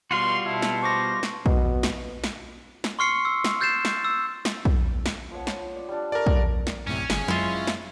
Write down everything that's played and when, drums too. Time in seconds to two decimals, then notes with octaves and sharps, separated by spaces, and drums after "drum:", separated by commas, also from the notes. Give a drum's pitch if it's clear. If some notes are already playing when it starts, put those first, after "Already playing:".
0.11 B2 G3 F4 F#4 C6
0.45 B2 E4 A5
0.62 drum: snare
0.83 C5 C#6 D6 A#6
1.23 drum: snare
1.46 B2, drum: kick
1.83 drum: snare
2.24 drum: snare
2.84 drum: snare
2.99 C6 C#6 F6 C7 C#7
3.25 E6
3.44 drum: snare
3.60 F6 G6 A6 C7 E7
3.85 drum: snare
4.05 E6
4.45 drum: snare
4.65 drum: kick
5.06 drum: snare
5.31 F3 C#5 F#5
5.47 B5, drum: snare
5.76 D5
5.89 G3 D4
6.12 G3 A3 A#4 D5 D6
6.26 drum: kick
6.67 drum: snare
6.87 F#2 A2 C3 C#4
7.10 G1 G#4, drum: snare
7.28 F#2 G#3 E4 F4
7.67 drum: snare